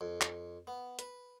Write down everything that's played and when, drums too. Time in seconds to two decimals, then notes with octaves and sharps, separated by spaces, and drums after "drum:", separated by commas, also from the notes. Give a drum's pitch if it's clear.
0.01 F2
0.21 drum: clap
0.67 B3
0.99 B4, drum: hi-hat